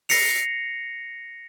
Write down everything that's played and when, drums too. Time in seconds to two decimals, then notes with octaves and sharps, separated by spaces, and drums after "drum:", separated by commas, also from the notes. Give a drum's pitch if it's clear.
0.09 A#6 C7 C#7 F7, drum: open hi-hat